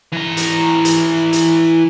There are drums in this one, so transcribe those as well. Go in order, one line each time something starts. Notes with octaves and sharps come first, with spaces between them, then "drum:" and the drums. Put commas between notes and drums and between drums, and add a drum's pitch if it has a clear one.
E3 A#5
drum: hi-hat
drum: hi-hat
drum: hi-hat